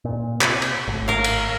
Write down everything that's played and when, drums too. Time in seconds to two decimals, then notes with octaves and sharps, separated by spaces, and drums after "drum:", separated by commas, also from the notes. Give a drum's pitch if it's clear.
0.05 A#2
0.41 C3, drum: clap
0.62 drum: cymbal
0.88 G#1 A2
1.08 A#4 F5
1.24 drum: cymbal